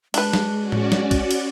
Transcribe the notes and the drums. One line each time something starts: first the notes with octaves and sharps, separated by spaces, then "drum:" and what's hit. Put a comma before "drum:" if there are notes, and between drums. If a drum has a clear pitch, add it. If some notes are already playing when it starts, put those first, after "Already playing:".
G#3 D4 B4, drum: cymbal
drum: snare
C#4 F#4 D5
drum: tom A2
drum: snare
drum: kick, cymbal
drum: cymbal